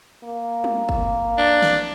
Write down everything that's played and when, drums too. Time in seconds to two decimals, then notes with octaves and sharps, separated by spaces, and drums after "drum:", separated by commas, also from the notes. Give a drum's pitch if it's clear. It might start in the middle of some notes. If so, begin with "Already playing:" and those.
0.24 A#3
0.64 drum: tom
0.89 drum: kick
1.38 D4
1.62 drum: snare